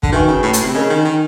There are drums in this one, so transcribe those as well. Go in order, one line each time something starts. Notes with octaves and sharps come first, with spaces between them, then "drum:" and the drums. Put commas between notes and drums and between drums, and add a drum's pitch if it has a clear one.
D3, drum: kick
D#3 F#4 B4 E5 G#5 C#6
C#3
A2
A2, drum: hi-hat
C3
C#3 A#4 D#5 G#5
D#3
D#3